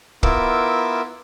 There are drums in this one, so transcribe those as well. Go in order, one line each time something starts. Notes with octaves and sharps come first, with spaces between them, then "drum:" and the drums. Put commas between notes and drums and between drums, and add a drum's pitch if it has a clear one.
B3 E4 F4 A#4 D6 E6, drum: kick